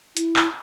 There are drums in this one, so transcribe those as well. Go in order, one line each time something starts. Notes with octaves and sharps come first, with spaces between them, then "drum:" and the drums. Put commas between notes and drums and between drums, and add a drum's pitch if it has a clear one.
E4, drum: hi-hat
drum: clap